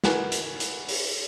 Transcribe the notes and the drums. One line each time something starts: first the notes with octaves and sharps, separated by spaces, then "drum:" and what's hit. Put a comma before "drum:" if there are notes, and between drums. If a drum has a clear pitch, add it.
F#4 A#4 B4 G#5, drum: snare
drum: hi-hat
drum: hi-hat
drum: open hi-hat